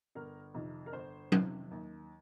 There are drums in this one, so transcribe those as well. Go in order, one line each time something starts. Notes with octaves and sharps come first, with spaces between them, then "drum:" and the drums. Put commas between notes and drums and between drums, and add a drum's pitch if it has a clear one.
G1 A#4
F2 C3 D#3
A#4
G1 C5
F2 C3 D#3, drum: tom F#3
D#2